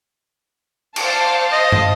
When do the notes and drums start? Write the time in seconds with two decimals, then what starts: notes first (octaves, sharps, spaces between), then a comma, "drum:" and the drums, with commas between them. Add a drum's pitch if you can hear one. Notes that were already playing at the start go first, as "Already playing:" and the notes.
0.96 C5 F5 A5, drum: cymbal
1.52 D#5
1.72 drum: tom